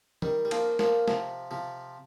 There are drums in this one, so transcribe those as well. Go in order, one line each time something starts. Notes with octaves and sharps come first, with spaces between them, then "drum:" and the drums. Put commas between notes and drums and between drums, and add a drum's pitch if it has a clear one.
D#3 G3, drum: tom
G3
F3 A#3, drum: cymbal
F3 A#3, drum: snare
C3 F3, drum: snare
C3 F3